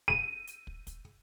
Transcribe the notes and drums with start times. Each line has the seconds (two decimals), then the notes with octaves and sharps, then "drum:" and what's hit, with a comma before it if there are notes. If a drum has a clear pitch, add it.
0.08 D#7, drum: kick
0.47 drum: hi-hat
0.67 drum: kick
0.87 drum: kick, hi-hat